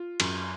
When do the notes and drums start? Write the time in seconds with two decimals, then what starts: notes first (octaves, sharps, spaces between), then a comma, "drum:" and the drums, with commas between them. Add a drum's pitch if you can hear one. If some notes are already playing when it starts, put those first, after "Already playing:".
Already playing: F4
0.20 F#2, drum: cymbal